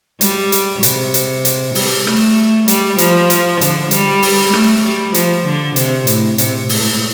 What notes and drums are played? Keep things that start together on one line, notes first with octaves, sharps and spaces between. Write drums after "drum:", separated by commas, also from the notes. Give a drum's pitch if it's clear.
G3, drum: hi-hat
drum: hi-hat
C3, drum: hi-hat
drum: hi-hat
drum: hi-hat
G3, drum: open hi-hat
A3, drum: rim click
G3, drum: hi-hat
F3, drum: hi-hat
drum: hi-hat
D3, drum: hi-hat
G3, drum: hi-hat
drum: open hi-hat
A3, drum: rim click
G3
F3, drum: hi-hat
D3
C3, drum: hi-hat
A2, drum: hi-hat
C3, drum: hi-hat
A2, drum: open hi-hat